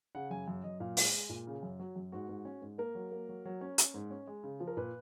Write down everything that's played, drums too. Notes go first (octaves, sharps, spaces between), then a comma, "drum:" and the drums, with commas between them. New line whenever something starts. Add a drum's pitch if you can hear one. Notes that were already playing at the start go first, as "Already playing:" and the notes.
C#3 F#5
F#2 G#5
F#2
F#2 D#5
A#2 F5
G#3, drum: open hi-hat
G#3
A#2
C#3
F#2
F#3
F#2
G#2 F#4
G#2
C#4
G#2
A#3 A#4
F#3
A#3
F#3
F#3
C#4
C#4, drum: hi-hat
G#2
C#4
G#3
C#3
F3
A#4
A#2 B4